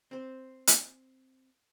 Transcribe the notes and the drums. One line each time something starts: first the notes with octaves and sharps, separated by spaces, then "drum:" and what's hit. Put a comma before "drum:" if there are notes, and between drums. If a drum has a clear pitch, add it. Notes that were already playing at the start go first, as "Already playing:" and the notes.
C4 C5
drum: hi-hat